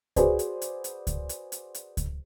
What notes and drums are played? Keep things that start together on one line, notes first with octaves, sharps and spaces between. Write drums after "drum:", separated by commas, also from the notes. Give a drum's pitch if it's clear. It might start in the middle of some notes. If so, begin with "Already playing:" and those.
F#4 G#4 B4 C5 D5, drum: kick C#2, hi-hat
drum: hi-hat
drum: hi-hat
drum: hi-hat
drum: kick C#2, hi-hat
drum: hi-hat
drum: hi-hat
drum: hi-hat
drum: kick C#2, hi-hat